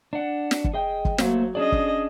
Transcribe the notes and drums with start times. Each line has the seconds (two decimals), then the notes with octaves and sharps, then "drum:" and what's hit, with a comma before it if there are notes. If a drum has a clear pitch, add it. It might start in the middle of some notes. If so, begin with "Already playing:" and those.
0.13 D4 F#5
0.51 drum: snare
0.64 drum: kick
0.74 G#4 D#5 G5
1.05 drum: kick
1.18 F#3 A3 A#3 C5, drum: snare
1.55 C#4 D4 G#4 D5 D#5
1.72 drum: kick